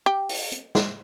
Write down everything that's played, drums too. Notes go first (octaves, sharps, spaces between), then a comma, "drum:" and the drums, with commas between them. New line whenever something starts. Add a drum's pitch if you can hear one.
G4
drum: open hi-hat
drum: hi-hat
drum: snare